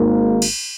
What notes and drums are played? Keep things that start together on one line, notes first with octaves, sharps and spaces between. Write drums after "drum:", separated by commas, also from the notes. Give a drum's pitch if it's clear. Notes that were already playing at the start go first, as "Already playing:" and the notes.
Already playing: G#1 G#2 D#3 A#3
drum: cymbal